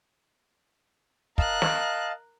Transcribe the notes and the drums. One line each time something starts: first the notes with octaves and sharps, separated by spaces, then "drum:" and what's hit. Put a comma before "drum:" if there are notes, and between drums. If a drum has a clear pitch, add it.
A#4 D#5 F5 A5 F#6, drum: kick
drum: snare